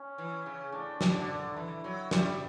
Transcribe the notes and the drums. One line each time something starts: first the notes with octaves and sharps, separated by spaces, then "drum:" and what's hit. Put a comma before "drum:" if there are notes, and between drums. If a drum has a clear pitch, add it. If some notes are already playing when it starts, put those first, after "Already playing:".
Already playing: C#4
E3
C#3
A2 D4
drum: snare
D3
E3 E4
F#3
G3, drum: snare